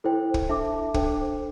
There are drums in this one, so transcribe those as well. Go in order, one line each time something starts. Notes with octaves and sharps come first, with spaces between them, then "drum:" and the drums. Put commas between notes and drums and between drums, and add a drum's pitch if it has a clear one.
E4 A4 C5 G5
drum: kick
D4 A4 E5 A5 D6
D4 A4 C5 G5, drum: kick